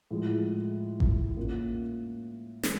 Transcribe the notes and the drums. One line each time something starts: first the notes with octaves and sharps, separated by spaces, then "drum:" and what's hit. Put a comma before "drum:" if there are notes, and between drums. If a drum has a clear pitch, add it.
A2 F3 G#3
drum: kick G#1
A#3 C#4 F4
E3 G#3, drum: snare